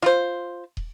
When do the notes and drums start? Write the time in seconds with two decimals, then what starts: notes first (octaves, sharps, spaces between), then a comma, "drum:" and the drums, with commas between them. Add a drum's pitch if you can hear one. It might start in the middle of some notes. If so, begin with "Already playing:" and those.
0.02 F4 C5, drum: rim click
0.77 drum: kick